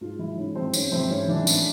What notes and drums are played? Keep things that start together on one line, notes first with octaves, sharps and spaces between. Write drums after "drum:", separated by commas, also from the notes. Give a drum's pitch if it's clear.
G#2 F4
E3 E4
G#2 C#4
E3 C4
G#2 C#4, drum: tambourine
E3 C4
G#2 C#4
E3 D4
A2, drum: tambourine